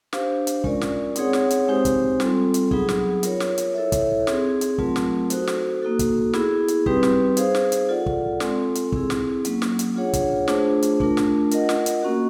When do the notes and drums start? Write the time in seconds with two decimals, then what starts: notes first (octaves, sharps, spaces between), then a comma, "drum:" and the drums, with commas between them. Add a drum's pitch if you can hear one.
0.13 D4 G4 C5 F5, drum: snare
0.47 drum: hi-hat
0.64 G#3 C#4 F4 A#4 D5, drum: kick
0.81 drum: snare
1.16 C4 D#4 G#4 C#5 F#5, drum: hi-hat
1.33 drum: snare
1.50 drum: hi-hat
1.68 G#3 C4 D#4 G4 C5
1.85 drum: kick, hi-hat
2.20 G3 C4 F4 A4, drum: snare
2.54 drum: hi-hat
2.71 F#3 B3 D#4 G#4, drum: kick
2.89 drum: snare
3.23 F4 A#4 C#5, drum: hi-hat
3.40 drum: snare
3.58 drum: hi-hat
3.74 E4 A4 C#5 E5
3.92 drum: kick, hi-hat
4.27 C4 D#4 G#4, drum: snare
4.61 drum: hi-hat
4.78 F#3 A3 C4 F4 A#4, drum: kick
4.96 drum: snare
5.30 D#4 F#4 A4 C5, drum: hi-hat
5.47 drum: snare
5.82 A#3 D#4 F#4 A4
5.99 drum: kick, hi-hat
6.33 B3 E4 G#4, drum: snare
6.68 drum: hi-hat
6.86 G3 C4 D#4 G4 B4, drum: kick
7.03 drum: snare
7.37 D#4 G#4 C5 F5, drum: hi-hat
7.55 drum: snare
7.72 drum: hi-hat
7.89 F4 A4 D5 F#5
8.06 drum: kick
8.40 G#3 C4 F4 A4, drum: snare
8.75 drum: hi-hat
8.92 C4 E4 G#4, drum: kick
9.10 drum: snare
9.45 F#3 A#3 C#4, drum: hi-hat
9.62 drum: snare
9.79 drum: hi-hat
9.96 D4 F4 G#4 C#5 F#5
10.13 drum: kick, hi-hat
10.48 A3 D4 F4 G#4 C5, drum: snare
10.82 drum: hi-hat
11.00 A3 D4 F4 A#4, drum: kick
11.17 drum: snare
11.51 F4 A#4 D#5 F#5, drum: hi-hat
11.69 drum: snare
11.86 drum: hi-hat
12.03 A#3 C#4 F#4